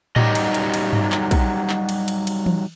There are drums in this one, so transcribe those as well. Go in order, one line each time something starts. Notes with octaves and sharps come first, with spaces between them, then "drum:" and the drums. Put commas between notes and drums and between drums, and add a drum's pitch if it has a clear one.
F#3 G3 D#4 G4 D#5, drum: tom A2
drum: cymbal
drum: cymbal
drum: cymbal
drum: tom G2
drum: clap
drum: kick, cymbal
drum: clap
drum: cymbal
drum: cymbal
drum: cymbal
drum: tom E3